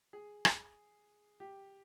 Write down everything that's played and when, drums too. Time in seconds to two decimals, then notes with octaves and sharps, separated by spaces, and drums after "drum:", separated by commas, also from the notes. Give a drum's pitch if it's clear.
0.13 G#4
0.45 drum: rim click
1.40 G4